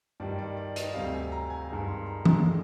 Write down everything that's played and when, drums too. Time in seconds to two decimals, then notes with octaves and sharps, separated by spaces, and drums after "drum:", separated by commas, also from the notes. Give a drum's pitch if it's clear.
0.20 G2 D#3 G3 D5
0.38 D5
0.57 D5
0.76 D#5, drum: hi-hat
0.94 D2 C3 G3 F5
1.13 G#5
1.32 A#5
1.50 G#5
1.69 G2 D#3 G#3 A#5
1.88 C6
2.06 A#5
2.25 A#5, drum: tom E3
2.45 D3 G#3